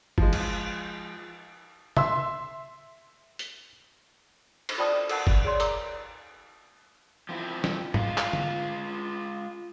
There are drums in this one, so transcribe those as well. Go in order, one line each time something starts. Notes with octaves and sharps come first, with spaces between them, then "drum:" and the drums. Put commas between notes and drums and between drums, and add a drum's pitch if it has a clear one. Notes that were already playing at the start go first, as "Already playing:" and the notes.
F3 G#3, drum: kick F#1
drum: cymbal
E5 C6 E6, drum: tom
drum: hi-hat
drum: cymbal
F4 C5 D5 G5 A5 D#6
A4 A#4 F#5 A5, drum: cymbal
drum: kick F#1
G#4 C#5 D5 C6
A#4 A#5 D6, drum: hi-hat
F3 C4 E4
drum: snare
G#3 F4, drum: tom G#2
drum: clap
drum: tom D3